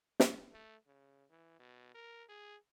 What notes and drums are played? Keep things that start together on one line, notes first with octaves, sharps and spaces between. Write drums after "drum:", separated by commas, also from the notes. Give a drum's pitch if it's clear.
drum: snare
A3
C#3
E3
B2
A#4
G#4